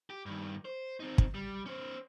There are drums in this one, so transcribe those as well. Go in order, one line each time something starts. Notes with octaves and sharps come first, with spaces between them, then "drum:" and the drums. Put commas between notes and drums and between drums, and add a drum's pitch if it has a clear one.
G4
G2 D#3
C5
C4 D#4
drum: kick
G3
C#4 C5